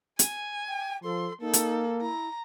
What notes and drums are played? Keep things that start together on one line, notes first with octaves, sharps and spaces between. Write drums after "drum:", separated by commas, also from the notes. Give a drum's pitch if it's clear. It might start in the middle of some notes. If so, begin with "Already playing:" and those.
G#5, drum: hi-hat
G5
F3 A4 C6
A#3 D#4 A4
drum: hi-hat
E4 A#5